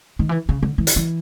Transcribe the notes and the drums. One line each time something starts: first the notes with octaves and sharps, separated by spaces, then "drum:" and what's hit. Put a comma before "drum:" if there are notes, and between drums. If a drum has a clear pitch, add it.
D#3
E3
C#3
D3
E3
D#3, drum: hi-hat
E3